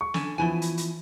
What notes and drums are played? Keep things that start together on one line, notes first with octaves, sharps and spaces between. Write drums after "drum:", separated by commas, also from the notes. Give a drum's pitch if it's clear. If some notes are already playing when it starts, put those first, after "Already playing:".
C#6
D3 C#4, drum: snare
E3 F3 B3 E4 G#5
drum: hi-hat
drum: hi-hat